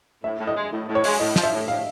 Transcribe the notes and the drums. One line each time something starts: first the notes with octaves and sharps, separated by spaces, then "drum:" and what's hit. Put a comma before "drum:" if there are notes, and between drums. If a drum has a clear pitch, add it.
A2 E5
A2
D#5
G#3
A2
A2
C#5
G#3, drum: open hi-hat
A2 D#5
F3, drum: snare
E5
A2
A2 F5